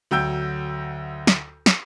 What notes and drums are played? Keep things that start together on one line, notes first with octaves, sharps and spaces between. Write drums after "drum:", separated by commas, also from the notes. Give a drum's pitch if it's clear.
D2 F#3 G5 E6 G6
drum: snare
drum: snare